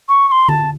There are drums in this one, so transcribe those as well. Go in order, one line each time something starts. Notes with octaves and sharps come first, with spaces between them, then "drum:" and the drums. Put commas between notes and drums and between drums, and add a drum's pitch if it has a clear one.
C#6
C#6
C6
A5, drum: tom D3